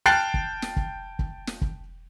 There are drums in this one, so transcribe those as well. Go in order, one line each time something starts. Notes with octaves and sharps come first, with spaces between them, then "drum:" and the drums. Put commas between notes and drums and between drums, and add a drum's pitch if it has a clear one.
G5 A5 F6 F#6 A6 C7
drum: kick
drum: snare
drum: kick
drum: kick
drum: snare
drum: kick